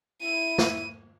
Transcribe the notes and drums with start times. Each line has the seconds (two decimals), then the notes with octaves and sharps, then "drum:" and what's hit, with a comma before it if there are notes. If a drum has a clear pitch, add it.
0.22 E4 D#7
0.58 drum: snare